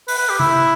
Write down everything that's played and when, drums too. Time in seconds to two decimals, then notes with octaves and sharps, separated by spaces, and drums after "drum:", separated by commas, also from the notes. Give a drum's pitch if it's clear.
0.08 B4, drum: open hi-hat
0.19 B4
0.29 G4
0.40 E4, drum: tom C#3